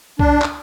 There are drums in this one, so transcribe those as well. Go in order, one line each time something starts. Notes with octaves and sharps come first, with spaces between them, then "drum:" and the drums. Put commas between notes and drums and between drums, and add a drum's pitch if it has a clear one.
D4, drum: kick
drum: clap